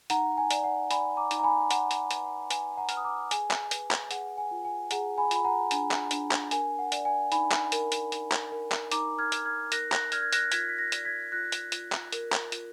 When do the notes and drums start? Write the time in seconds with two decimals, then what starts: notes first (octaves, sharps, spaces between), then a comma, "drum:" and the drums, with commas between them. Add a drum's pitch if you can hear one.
0.10 D#4 F#5 A#5, drum: hi-hat
0.37 G#5
0.51 D5, drum: hi-hat
0.64 F#5 A#5
0.91 D5 G#5 B5, drum: hi-hat
1.17 A#5 D6
1.31 D#4, drum: hi-hat
1.39 A#5
1.44 G#5 B5
1.71 D#4 F#5 A#5, drum: hi-hat
1.91 drum: hi-hat
2.11 B4, drum: hi-hat
2.24 F#5
2.50 B4 G#5, drum: hi-hat
2.77 F#5 A#5
2.89 B4 F6, drum: hi-hat
2.97 D#6
3.04 A#5 D6
3.31 G#4 G#5, drum: hi-hat
3.51 drum: clap
3.71 B4, drum: hi-hat
3.91 drum: clap
4.11 G#4 F#5, drum: hi-hat
4.38 G#5
4.51 F4
4.65 G#5
4.91 G#4 F#5 A#5, drum: hi-hat
5.18 G#5 B5
5.31 F4 B5, drum: hi-hat
5.45 F#5 A#5
5.71 D4 G#5, drum: hi-hat
5.91 drum: clap
6.11 D4, drum: hi-hat
6.31 drum: clap
6.51 A#4 G#5, drum: hi-hat
6.79 F#5
6.92 D5, drum: hi-hat
7.05 G#5
7.32 D#4 G#5 B5, drum: hi-hat
7.52 drum: clap
7.72 A#4, drum: hi-hat
7.92 drum: hi-hat
8.12 D#4, drum: hi-hat
8.32 drum: clap
8.52 A#4
8.72 drum: clap
8.92 D#4 A#5 D6, drum: hi-hat
9.18 F6 G#6
9.32 D#4, drum: hi-hat
9.45 F6 G#6
9.72 A#4 F#6 A#6, drum: hi-hat
9.92 F#6 A#6, drum: clap
10.12 D5 F6 G#6, drum: hi-hat
10.22 G#6
10.33 F#6 A#6, drum: hi-hat
10.52 F4 G#6 B6, drum: hi-hat
10.69 B6
10.78 F#6 A#6
10.92 D5, drum: hi-hat
11.05 G#6 B6
11.32 F4 F#6 A#6
11.52 drum: hi-hat
11.72 F4, drum: hi-hat
11.92 drum: clap
12.13 A#4, drum: hi-hat
12.32 drum: clap
12.52 F4, drum: hi-hat